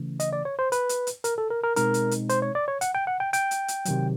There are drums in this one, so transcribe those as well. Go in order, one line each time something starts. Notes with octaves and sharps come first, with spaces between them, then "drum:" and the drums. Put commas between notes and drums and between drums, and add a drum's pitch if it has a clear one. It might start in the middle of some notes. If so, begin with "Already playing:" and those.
Already playing: C#3 E3 A3 C#4
D#5, drum: hi-hat
D5
C#5
C5
B4, drum: hi-hat
drum: hi-hat
drum: hi-hat
A#4, drum: hi-hat
A4
A#4
A#4
B2 G#3 C4 D#4 A#4, drum: hi-hat
drum: hi-hat
drum: hi-hat
C5, drum: hi-hat
C#5
D5
C#5
F#5, drum: hi-hat
G5
F#5
G5
G5, drum: hi-hat
drum: hi-hat
drum: hi-hat
C3 D#3 F#3, drum: hi-hat